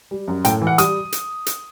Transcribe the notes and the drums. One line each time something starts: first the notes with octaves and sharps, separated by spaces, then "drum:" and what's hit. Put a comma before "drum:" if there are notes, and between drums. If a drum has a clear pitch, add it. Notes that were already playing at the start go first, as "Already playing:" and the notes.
G3
F#2
A2 G5, drum: hi-hat
E3
F#5
G3 D#6, drum: hi-hat
drum: hi-hat
drum: hi-hat